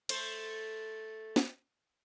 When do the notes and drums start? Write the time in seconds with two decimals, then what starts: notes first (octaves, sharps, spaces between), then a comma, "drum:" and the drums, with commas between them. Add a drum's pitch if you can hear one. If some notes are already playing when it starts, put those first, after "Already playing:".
0.09 A3 C5, drum: cymbal
1.36 drum: snare